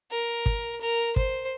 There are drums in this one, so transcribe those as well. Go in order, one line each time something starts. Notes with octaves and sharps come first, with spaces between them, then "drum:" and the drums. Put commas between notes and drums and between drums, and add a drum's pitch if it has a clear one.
A#4
drum: kick
A#4
C5, drum: kick